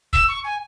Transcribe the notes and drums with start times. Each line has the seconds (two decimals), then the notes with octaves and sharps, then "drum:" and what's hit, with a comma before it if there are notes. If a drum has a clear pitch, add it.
0.13 E6, drum: kick
0.28 C#6
0.45 G#5